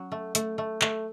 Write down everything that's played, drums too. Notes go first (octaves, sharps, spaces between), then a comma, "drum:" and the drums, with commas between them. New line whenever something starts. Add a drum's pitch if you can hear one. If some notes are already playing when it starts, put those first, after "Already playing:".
Already playing: F#3 C#4
A3
A3, drum: hi-hat
A3
A3, drum: clap